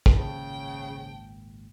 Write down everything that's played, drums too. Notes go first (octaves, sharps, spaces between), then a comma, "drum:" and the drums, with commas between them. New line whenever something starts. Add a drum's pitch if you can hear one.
drum: kick
G#1 C#2 A#2 C#3 C5 G5 A5